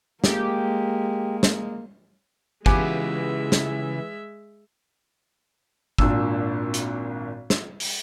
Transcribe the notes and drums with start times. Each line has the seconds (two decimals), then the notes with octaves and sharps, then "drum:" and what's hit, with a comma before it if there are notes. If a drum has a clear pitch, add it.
0.24 G#3 A#3 G4, drum: snare
1.43 drum: snare
2.66 C#3 E3 G#3 B3 F4 G4 E5 G#5, drum: kick
3.52 drum: snare
5.98 G#1 A#2 D4 E6, drum: kick
6.74 drum: hi-hat
7.50 drum: snare
7.80 drum: open hi-hat